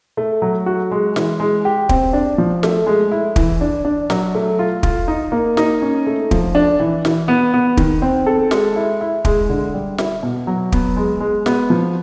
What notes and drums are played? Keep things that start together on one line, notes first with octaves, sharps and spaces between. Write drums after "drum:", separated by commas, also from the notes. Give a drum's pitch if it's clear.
A3
F#3
F#4
G#3
E3, drum: snare
G#3
G4
C4, drum: kick
D4
F3
A3, drum: snare
G#3
E4
E3, drum: kick
D4
D4
F#3, drum: snare
A3
F4
F4, drum: kick
D#4
A#3
D#4, drum: snare
C#4
A3
F3, drum: kick
D4
E3
E3, drum: snare
B3
B3
D#3, drum: kick
C4
A4
G#3, drum: snare
E4
E4
G#3, drum: kick
D3
G3
E4, drum: snare
B2
F#3
B3, drum: kick
G#3
G#3
B3, drum: snare
F3